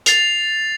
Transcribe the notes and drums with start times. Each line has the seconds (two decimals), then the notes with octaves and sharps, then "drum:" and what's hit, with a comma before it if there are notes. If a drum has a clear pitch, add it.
0.06 A6 C7 F7, drum: hi-hat